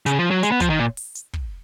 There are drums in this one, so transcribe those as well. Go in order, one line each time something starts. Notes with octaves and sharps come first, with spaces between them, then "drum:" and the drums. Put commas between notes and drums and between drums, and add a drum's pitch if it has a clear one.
C#3, drum: hi-hat
F3
F#3
G#3, drum: hi-hat
B3
F3, drum: kick, hi-hat
D#3
A#2
drum: open hi-hat
drum: hi-hat
drum: kick